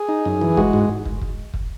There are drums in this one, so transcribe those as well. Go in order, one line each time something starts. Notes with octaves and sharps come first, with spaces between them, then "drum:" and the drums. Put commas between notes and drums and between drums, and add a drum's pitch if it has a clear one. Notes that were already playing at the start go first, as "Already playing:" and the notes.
Already playing: G#4
D#4
F#2
E3
G#3 F#4, drum: kick
G#2
drum: kick
drum: kick
drum: kick